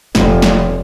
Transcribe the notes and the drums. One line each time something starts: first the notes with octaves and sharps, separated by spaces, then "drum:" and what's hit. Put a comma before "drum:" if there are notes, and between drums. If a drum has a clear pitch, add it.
F1, drum: snare
drum: snare